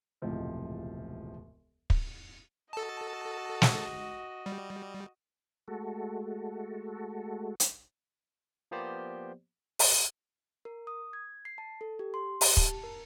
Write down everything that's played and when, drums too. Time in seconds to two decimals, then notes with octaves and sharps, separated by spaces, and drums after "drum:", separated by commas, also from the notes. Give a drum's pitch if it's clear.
0.22 E1 C#2 A2 C3 F3 D#5
1.90 drum: kick
2.73 F#4 A4 D#5 A5
3.62 drum: snare
4.46 G3
5.68 G#3 A3 F#4 A4
7.60 drum: hi-hat
8.71 F3 A#3 B3 G4 C5 D5
9.79 drum: open hi-hat
10.65 A#4
10.87 D#6
11.13 G#6
11.45 C7
11.58 A5
11.81 A4
11.99 G4
12.14 C6
12.41 G4, drum: open hi-hat
12.57 A5, drum: kick
12.84 A#4